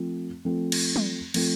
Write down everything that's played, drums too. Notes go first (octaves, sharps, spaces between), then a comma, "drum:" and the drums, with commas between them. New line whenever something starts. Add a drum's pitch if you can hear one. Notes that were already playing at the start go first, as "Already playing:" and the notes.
Already playing: F3 A3 C4
F3 A3 C4
drum: cymbal
drum: tom F#3
F3 A3 C4, drum: cymbal